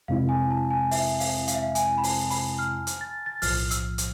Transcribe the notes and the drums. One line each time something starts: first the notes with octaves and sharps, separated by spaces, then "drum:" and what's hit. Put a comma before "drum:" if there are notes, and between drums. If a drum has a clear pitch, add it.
F2 C3 G#3 C4 E4 F5
G#5
A5
G#5
E5, drum: open hi-hat
F5, drum: open hi-hat
F5, drum: hi-hat
E5
F5
G#5, drum: hi-hat
B5
A5, drum: open hi-hat
B5, drum: open hi-hat
F6
drum: hi-hat
A6
A6
B1 A2 F3 F6, drum: open hi-hat
E6, drum: hi-hat
drum: hi-hat